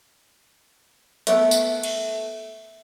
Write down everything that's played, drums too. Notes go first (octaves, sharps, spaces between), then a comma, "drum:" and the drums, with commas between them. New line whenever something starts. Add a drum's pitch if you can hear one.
A3 B3 A4 A#4 E5, drum: hi-hat
drum: tambourine
drum: cymbal